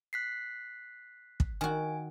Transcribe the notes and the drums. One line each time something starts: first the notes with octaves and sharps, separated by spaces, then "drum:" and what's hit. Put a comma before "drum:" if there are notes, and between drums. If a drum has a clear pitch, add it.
F#6 B6 C7
drum: kick
D#3 F#4 G#5